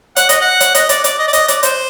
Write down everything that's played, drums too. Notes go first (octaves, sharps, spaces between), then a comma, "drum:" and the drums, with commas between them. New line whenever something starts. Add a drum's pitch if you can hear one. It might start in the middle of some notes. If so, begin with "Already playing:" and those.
F#5, drum: hi-hat
D#5, drum: hi-hat
F#5
drum: hi-hat
D#5, drum: hi-hat
D5, drum: hi-hat
D5, drum: hi-hat
D#5
D5
D#5, drum: hi-hat
D5, drum: hi-hat
C5, drum: hi-hat